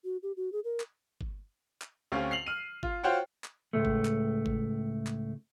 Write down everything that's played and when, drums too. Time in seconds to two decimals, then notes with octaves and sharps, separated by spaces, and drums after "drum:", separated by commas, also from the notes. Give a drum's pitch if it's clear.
0.04 F#4
0.23 G4
0.37 F#4
0.52 G#4
0.64 A#4
0.80 drum: clap
1.21 drum: kick G1
1.82 drum: clap
2.12 D2 C4 C#4 G4 F5
2.31 C7 F7 F#7
2.46 F6 D#7
2.83 F4, drum: kick G1
3.03 F4 F#4 C5 C#5 F#5 G5
3.44 drum: clap
3.73 C#2 A2 A3
3.85 drum: kick G1
4.05 drum: clap
4.46 drum: kick G1
5.07 drum: clap